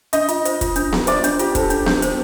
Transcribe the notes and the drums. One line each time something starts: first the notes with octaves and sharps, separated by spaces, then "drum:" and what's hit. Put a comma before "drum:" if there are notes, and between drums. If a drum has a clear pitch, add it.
D4 D#5, drum: hi-hat
F4, drum: hi-hat
C5, drum: hi-hat
F4, drum: kick, hi-hat
D4, drum: hi-hat
F4, drum: snare B3
C5 D5, drum: hi-hat
D4, drum: hi-hat
F4 G4, drum: hi-hat
A4 C5, drum: kick, hi-hat
D4, drum: hi-hat
D4, drum: snare B3
C5, drum: hi-hat